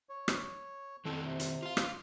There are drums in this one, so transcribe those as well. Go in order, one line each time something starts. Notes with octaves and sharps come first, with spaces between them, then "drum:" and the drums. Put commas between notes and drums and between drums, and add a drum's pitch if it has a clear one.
C#5
drum: rim click
F2 D#3 C4 E4 A4
C3
drum: hi-hat
F4 F5
drum: rim click